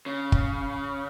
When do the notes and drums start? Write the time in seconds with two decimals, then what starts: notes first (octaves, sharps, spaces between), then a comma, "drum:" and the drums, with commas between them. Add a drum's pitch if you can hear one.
0.06 C#3
0.32 drum: kick